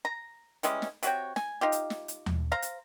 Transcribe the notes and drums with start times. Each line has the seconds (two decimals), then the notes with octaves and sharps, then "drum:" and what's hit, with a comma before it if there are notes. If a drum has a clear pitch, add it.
0.05 A#5
0.63 E3 G3 G#3 C#4, drum: hi-hat
0.82 drum: snare
1.03 C3 F#4 C#5 G5, drum: hi-hat
1.36 G#5, drum: snare
1.61 D#4 F4 G4
1.72 drum: hi-hat
1.90 drum: snare
2.08 drum: hi-hat
2.26 drum: tom D#2
2.52 C5 F5 A#5
2.62 drum: hi-hat